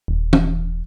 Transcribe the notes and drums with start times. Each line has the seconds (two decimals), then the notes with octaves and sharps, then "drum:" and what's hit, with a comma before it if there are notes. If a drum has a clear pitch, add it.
0.08 D#1
0.33 drum: tom